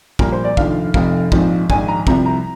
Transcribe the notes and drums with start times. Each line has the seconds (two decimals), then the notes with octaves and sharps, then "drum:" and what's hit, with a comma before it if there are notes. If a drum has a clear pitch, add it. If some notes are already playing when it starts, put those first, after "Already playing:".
0.19 A#1 A#2 G3 A#3 A#4, drum: kick
0.32 C5
0.44 D5
0.57 F1 D#2 D3 F3 F5, drum: kick
0.94 F1 F2 C3 F5, drum: kick
1.32 A#1 G#2 F3 C4, drum: kick
1.70 A#1 G#2 D#3 G#5, drum: kick
1.88 A#5
2.07 C2 C3 F3 C4 A#5, drum: kick
2.26 A#5